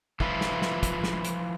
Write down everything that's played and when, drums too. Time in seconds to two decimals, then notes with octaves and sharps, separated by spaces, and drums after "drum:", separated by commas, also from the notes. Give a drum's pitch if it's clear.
0.20 F3 E4 F4 B4, drum: kick
0.41 drum: snare
0.62 drum: snare
0.83 drum: kick, hi-hat
1.04 drum: snare
1.25 drum: hi-hat